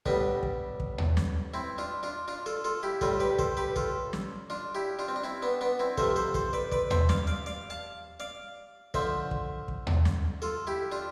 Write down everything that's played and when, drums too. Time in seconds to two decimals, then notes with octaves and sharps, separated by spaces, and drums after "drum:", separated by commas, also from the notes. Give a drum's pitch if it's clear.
0.06 A2 G3 B3 D4, drum: kick
0.43 drum: kick
0.80 drum: kick
0.98 drum: tom D#2
1.17 drum: snare
1.54 C4 E4
1.78 D4 F4
2.03 D4 F4
2.28 D4 F4
2.46 F4 A4
2.64 F4 A4
2.83 E4 G4
3.01 A2 G3 F4 A4, drum: kick
3.20 G4 B4
3.39 A4 C5, drum: kick
3.57 G4 B4
3.76 F4 A4, drum: kick
4.13 drum: snare
4.50 D4 F4
4.75 E4 G4
4.99 D4 F4
5.08 C4
5.16 D4
5.24 C4 E4
5.42 B3 D4
5.61 B3 D4
5.79 C4 E4
5.98 C3 F3 A3 A4 C5, drum: kick
6.16 A4 C5
6.34 A4 C5, drum: kick
6.53 B4 D5
6.72 B4 D5, drum: kick
6.91 C5 E5, drum: tom D#2
7.09 D5 F5, drum: snare
7.27 D5 F5
7.46 D5 F5
7.70 F5 A5
8.20 D5 F5
8.94 D3 F3 A3 C5 E5, drum: kick
9.31 drum: kick
9.68 drum: kick
9.87 drum: tom D#2
10.05 drum: snare
10.42 F4 A4
10.67 E4 G4
10.92 D4 F4